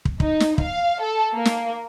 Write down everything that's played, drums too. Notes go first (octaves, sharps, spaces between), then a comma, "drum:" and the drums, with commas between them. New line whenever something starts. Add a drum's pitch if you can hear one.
drum: kick
D#4, drum: kick
drum: snare
F5, drum: kick
A4
A#3
drum: snare